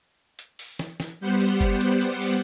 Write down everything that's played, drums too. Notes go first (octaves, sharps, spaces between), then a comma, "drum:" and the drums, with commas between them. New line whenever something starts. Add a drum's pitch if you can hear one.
drum: hi-hat
drum: open hi-hat
drum: snare
drum: snare
G3 B3 G4 C5 F#5
drum: hi-hat
drum: kick F#1, hi-hat
drum: hi-hat
drum: hi-hat
drum: open hi-hat